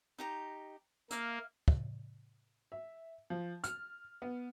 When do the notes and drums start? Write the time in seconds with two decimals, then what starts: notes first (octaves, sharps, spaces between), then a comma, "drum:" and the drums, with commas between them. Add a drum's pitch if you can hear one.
0.18 D#4 G4 A#5
1.11 A#3 E5 F5, drum: hi-hat
1.68 drum: kick
2.72 E5
3.30 F3
3.64 F6, drum: hi-hat
4.22 B3